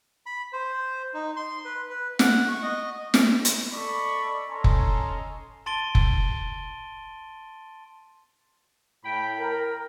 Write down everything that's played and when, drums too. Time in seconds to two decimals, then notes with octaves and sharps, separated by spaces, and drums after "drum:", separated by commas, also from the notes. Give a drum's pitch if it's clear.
0.26 B5
0.53 C5
1.14 D#4
1.36 C6
1.65 B4
1.90 B4
2.19 F#5, drum: snare
2.48 C#6
2.63 D#5
3.14 drum: snare
3.45 drum: hi-hat
3.72 A4 D5 D#5 B5 C#6
4.49 C#4 A4 D#5 G#5 A#5 C6
4.64 drum: kick F#1
5.66 A5 C6 A6 D7 D#7 G7
5.95 drum: kick F#1
9.04 A2 G5 B5
9.38 A#4